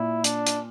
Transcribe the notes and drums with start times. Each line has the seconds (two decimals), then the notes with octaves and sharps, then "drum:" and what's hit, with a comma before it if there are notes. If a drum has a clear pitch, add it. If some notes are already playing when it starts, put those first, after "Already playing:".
Already playing: A#2 E4
0.24 D4, drum: hi-hat
0.47 drum: hi-hat